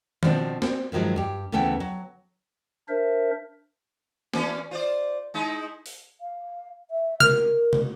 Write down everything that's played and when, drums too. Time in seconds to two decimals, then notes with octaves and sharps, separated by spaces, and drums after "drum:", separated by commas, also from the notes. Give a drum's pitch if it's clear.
0.23 B2 F3 C4 D4, drum: tom D#3
0.62 C4, drum: snare
0.92 G2 D#3 F3 F#3 G#3
1.16 G2 G4
1.52 D2 C#3 E3 B3 A4 G5
1.80 F#3
2.88 D4 A#4 C5 E5
4.34 E3 C#4 D4, drum: snare
4.71 F4 C5 D5
5.34 G#3 D#4 E4
5.86 drum: open hi-hat
6.20 F5
6.90 E5
7.20 A#4 F6, drum: tom
7.73 drum: tom